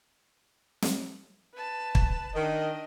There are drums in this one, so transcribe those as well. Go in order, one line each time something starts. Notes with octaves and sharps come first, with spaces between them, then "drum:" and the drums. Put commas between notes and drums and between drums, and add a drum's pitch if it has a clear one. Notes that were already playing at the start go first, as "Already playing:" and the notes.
drum: snare
B4 A5
drum: kick
D#3 D4 D#5